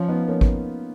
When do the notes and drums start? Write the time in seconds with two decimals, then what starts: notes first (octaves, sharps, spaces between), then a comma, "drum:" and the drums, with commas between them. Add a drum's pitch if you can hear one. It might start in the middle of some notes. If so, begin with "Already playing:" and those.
Already playing: F3 C#4 F4
0.08 B3 D#4
0.28 A#3 C#4
0.41 drum: kick G#1